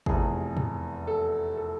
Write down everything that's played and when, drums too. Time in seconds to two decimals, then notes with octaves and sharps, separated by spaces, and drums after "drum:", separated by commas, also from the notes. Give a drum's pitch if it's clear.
0.06 F1 E2 C3 G#4, drum: kick
0.57 drum: tom
1.07 A4
1.57 A4